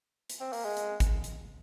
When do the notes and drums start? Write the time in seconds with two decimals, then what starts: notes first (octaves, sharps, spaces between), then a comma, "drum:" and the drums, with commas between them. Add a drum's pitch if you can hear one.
0.30 drum: hi-hat
0.41 C4
0.53 A#3, drum: open hi-hat
0.65 G#3
0.77 drum: hi-hat
1.00 drum: kick G#1, hi-hat
1.24 drum: hi-hat